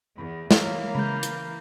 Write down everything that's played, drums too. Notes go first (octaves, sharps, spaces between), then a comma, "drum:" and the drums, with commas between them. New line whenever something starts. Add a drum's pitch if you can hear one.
E2 B5
E3 A#3 C5 C#5 F5 E6, drum: snare
C#3 G#3 B5 G6
drum: hi-hat